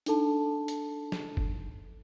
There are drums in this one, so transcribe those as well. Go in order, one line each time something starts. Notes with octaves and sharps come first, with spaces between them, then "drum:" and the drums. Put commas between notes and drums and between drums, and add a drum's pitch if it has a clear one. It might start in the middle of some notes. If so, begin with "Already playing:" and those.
D4 D#4 A4 A5, drum: hi-hat
drum: hi-hat
drum: snare
drum: kick F#1